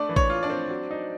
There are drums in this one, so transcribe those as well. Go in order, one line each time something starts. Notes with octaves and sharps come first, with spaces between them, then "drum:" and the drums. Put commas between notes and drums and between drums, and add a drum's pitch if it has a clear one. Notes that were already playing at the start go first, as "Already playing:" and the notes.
Already playing: A3 D4 D5
E3
C#5, drum: kick A1
F4
D4 D5
C4
F#3
D#4